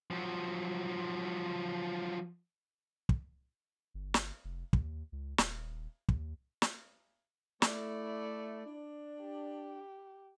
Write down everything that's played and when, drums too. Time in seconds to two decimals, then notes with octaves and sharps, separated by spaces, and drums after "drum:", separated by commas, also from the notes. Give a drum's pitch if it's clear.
0.11 F3 F#3
3.09 drum: kick
3.94 G1
4.14 drum: snare
4.44 F1
4.73 D#2, drum: kick
5.12 C#2
5.38 D#1, drum: snare
6.09 D#2, drum: kick
6.62 drum: snare
7.62 A3 E4 D5, drum: snare
8.66 D4
9.21 G4